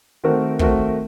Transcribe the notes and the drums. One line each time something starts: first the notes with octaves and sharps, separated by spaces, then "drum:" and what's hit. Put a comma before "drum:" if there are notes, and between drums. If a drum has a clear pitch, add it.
D#3 A3 C4 F#4 A#4
D#3 A3 C4 F#4 A#4, drum: kick